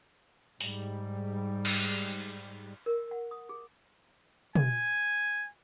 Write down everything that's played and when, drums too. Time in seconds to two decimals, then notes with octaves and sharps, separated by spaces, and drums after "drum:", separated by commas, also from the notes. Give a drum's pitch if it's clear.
0.60 G#2 G3, drum: open hi-hat
1.65 drum: cymbal
2.86 A#4
3.11 F#5
3.31 D#6
3.49 G#4
4.55 G#5, drum: tom